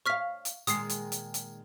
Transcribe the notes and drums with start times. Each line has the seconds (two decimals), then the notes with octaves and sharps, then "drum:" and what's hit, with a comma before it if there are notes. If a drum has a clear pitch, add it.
0.06 C#5 F5 C#6 F6 B6
0.45 drum: hi-hat
0.67 A#2 D#3 G#3 D#6 C7, drum: hi-hat
0.89 drum: hi-hat
1.12 drum: hi-hat
1.34 drum: hi-hat